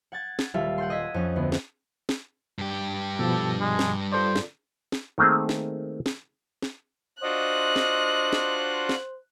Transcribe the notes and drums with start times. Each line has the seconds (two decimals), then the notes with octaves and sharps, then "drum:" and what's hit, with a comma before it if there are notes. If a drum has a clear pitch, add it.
0.12 F#5 G#6 A6
0.39 drum: snare
0.54 D#1 G3 F4 A4 E5 F5
0.78 F#5 G5 C6
0.90 D#5 E6 G#6 B6
1.14 F2 C#4
1.36 D2 B3
1.52 drum: snare
2.09 drum: snare
2.59 G2 G4
3.19 B2 F3 A4
3.60 G#3
3.79 drum: snare
4.12 F4 A4 C5 D5
4.36 drum: snare
4.92 drum: snare
5.18 D#3 A3 A#3 C4 G#4
5.49 drum: snare
6.06 drum: snare
6.62 drum: snare
7.23 D4 F4 F#4 C5 D#5 F#6
7.76 drum: snare
8.33 drum: snare
8.89 drum: snare